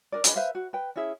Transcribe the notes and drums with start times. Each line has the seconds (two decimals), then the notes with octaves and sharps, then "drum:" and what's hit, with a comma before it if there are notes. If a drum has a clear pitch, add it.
0.12 D4 A#4 D5
0.24 D4 G#4 B4 D#5, drum: hi-hat
0.36 B4 C5 E5 F5
0.55 F#4
0.73 B4 G5
0.96 C#4 E4 G#4 E5